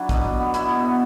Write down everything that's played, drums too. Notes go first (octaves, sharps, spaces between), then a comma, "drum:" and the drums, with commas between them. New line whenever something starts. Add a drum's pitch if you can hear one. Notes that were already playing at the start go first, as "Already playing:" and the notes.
Already playing: F#3 D4 E4 F#4
B2, drum: kick, hi-hat
B2
B3
B2 E4, drum: hi-hat
B2
B3